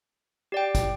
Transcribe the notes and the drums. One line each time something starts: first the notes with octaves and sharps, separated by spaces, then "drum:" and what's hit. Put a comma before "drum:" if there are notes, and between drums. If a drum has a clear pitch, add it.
G4 D5 G5
drum: kick, hi-hat